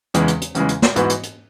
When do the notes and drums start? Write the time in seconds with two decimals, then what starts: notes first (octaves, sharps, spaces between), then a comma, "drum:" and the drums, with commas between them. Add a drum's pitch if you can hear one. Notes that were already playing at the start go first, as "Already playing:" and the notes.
0.14 E2 C#3 E3 G#3, drum: hi-hat
0.28 drum: hi-hat
0.41 drum: hi-hat
0.55 E2 C#3 E3 G#3, drum: hi-hat
0.69 drum: hi-hat
0.82 drum: snare
0.96 G#2 E3 B3 F#4, drum: hi-hat
1.09 drum: hi-hat
1.23 drum: hi-hat